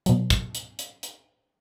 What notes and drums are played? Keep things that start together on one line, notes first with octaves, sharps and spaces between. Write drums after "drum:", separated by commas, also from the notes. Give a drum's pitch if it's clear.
B2 F#3, drum: hi-hat
drum: kick, hi-hat
drum: hi-hat
drum: hi-hat
drum: hi-hat